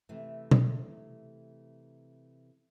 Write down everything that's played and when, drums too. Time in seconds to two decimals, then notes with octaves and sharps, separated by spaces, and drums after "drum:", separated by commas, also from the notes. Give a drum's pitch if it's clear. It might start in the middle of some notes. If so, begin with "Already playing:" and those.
0.09 C3 E3 A3
0.51 drum: tom B2